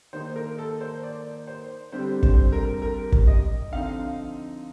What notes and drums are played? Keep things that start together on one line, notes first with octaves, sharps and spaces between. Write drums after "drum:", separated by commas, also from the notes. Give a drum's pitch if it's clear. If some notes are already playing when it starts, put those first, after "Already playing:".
D#3 A#3 D#4 C5
A#4
A4
C5
D5
C5
D3 G3 C4 C5
C5, drum: kick
A#4
A#4
drum: kick
D#5
D3 F3 C4 D#4 F5